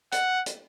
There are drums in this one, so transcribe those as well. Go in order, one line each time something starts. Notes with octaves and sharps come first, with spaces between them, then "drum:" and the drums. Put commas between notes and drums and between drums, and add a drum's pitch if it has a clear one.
F#5, drum: hi-hat
drum: hi-hat